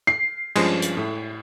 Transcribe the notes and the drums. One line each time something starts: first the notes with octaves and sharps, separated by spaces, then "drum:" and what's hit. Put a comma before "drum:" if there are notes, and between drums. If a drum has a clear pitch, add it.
C7
G2 F3 G#3 C#4, drum: cymbal
drum: hi-hat
A2 A3